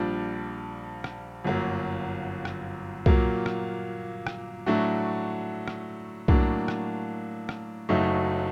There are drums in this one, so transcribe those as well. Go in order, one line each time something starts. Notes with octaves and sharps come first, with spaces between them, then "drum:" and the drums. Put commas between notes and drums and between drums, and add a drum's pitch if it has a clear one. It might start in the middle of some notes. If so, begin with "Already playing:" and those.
Already playing: A#1 A#2 G3 D4
drum: rim click
G1 F#2 F#3 A#3
drum: rim click
A#2 F#3 A#3, drum: kick B1
drum: rim click
drum: rim click
A2 F#3 A3 D4 F#4
drum: rim click
A2 F#3 A#3 D4, drum: kick B1
drum: rim click
drum: rim click
F#1 F#2 F#3 A3 D#4